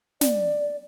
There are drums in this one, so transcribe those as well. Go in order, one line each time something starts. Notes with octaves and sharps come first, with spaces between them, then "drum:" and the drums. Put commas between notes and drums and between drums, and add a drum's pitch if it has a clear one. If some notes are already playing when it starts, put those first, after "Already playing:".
D5, drum: snare